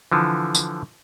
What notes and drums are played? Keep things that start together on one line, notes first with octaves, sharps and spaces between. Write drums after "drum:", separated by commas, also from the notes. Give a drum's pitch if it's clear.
D3 E3 F3
drum: tambourine